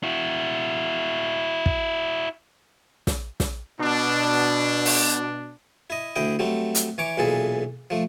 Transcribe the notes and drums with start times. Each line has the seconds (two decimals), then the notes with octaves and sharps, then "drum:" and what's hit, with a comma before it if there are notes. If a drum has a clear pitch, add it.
0.03 E4 F#4
1.66 drum: kick
3.07 drum: snare
3.40 drum: snare
3.80 B2 D4
4.85 drum: open hi-hat
5.90 E4 D#5
6.16 D2 E4 D#5 G5
6.39 F#3 G3 A3 C4
6.75 drum: hi-hat
6.98 E3 C#5 D6
7.18 B1 A#2 E3 G#4 A4
7.90 F3 A3